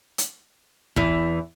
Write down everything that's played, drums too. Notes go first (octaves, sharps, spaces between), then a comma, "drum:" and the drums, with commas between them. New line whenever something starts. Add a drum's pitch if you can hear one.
drum: hi-hat
E2 E3, drum: kick